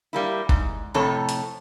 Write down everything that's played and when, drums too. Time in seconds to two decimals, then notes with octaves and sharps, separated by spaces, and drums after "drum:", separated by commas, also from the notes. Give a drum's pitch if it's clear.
0.13 G3 A#3 E4
0.49 G#2, drum: kick
0.94 F2 A2 C3 A4 C#5 A5
1.29 drum: hi-hat